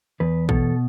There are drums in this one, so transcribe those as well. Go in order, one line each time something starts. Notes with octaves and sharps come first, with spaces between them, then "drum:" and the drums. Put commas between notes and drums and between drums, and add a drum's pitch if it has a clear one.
E2 B4
B2 A4, drum: kick